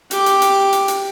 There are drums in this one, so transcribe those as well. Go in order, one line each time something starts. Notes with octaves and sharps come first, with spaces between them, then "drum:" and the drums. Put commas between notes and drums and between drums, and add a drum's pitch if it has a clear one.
G4 D6, drum: hi-hat
drum: hi-hat
drum: hi-hat
drum: hi-hat
drum: hi-hat